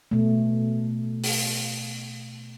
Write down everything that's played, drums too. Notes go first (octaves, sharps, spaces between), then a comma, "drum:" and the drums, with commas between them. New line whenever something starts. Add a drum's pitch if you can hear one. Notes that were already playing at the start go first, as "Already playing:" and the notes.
B2 A3
drum: open hi-hat